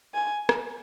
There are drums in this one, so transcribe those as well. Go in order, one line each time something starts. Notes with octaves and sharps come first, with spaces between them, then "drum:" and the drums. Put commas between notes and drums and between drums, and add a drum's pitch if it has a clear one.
G#5
drum: rim click